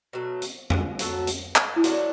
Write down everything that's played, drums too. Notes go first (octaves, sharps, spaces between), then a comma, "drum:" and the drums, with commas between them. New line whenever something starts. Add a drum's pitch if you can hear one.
B2 F#3 A3
drum: hi-hat
drum: tom F2
F#3 B3 F#4 A4, drum: hi-hat
drum: hi-hat
drum: clap
E4
F#3 A3 D4 F#4, drum: hi-hat